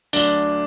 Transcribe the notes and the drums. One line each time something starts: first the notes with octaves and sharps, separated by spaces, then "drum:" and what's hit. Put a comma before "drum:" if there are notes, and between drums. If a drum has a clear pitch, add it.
D2 D3 F#3 A3 D4, drum: tambourine